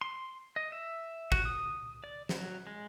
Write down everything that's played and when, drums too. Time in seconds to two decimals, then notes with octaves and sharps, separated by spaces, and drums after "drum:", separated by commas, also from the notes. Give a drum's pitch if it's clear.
0.01 C6
0.56 D#5
0.72 E5
1.32 F#4, drum: kick
1.45 D#6
2.04 D5
2.29 F#3, drum: snare
2.67 G#3